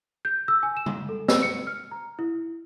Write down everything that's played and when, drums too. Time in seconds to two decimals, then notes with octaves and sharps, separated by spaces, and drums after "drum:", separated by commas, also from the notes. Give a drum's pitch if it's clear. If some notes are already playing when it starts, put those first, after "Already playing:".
0.25 G6
0.48 E6
0.63 G#5
0.77 E7
0.86 drum: tom C#3
1.09 A4
1.28 E6, drum: snare
1.42 C#7
1.67 F6
1.91 A#5
2.19 E4